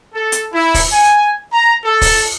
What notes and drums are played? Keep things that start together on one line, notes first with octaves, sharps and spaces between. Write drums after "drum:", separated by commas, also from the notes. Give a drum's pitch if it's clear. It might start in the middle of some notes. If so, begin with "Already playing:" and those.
A4
drum: hi-hat
E4
drum: kick, open hi-hat
G#5
A#5
A4
drum: kick, open hi-hat